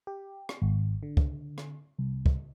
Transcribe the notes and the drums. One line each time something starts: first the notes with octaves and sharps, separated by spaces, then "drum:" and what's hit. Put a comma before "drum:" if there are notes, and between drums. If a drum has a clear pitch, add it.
G4
drum: rim click
G#1
D3
drum: kick
drum: rim click
C2
drum: kick